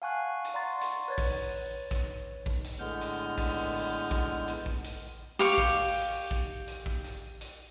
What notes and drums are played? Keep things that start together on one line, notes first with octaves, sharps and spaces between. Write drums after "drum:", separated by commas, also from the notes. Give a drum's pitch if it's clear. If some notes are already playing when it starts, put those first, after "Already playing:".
F5 F#5 G#5 A5 C#6 F#6
drum: hi-hat
D5 F#5 A#5 C6 C#6 A6
drum: hi-hat
B4 C#5 A6
drum: kick A#1, open hi-hat
drum: kick A#1, hi-hat
drum: kick A#1
drum: hi-hat
A2 D3 G#3 B3 F6 G6
drum: hi-hat
drum: kick A#1, open hi-hat
drum: open hi-hat
drum: kick A#1, hi-hat
drum: hi-hat
drum: kick A#1
drum: hi-hat
G4 F5 C#6
drum: kick A#1, open hi-hat
drum: open hi-hat
drum: kick A#1, hi-hat
drum: hi-hat
drum: kick A#1
drum: hi-hat
drum: hi-hat